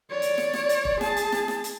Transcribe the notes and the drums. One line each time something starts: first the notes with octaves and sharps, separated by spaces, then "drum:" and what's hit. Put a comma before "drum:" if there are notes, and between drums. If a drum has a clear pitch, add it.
C#5 D5
drum: hi-hat
drum: snare
drum: snare
drum: hi-hat
drum: kick
G#4 A5, drum: snare
drum: hi-hat
drum: snare
drum: snare
drum: hi-hat